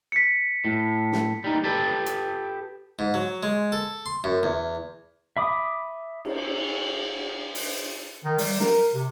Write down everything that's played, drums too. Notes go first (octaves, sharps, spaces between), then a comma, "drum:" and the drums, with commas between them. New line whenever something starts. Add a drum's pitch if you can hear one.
B6 C#7
A2
drum: snare
G3 D#4
G4 A4 B4
drum: hi-hat
G#2
F#3
G#3
A4
C6
F#2
E2
E5 B5 D6 D#6
drum: cymbal
drum: open hi-hat
D#3
G3, drum: open hi-hat
A#4, drum: snare
C3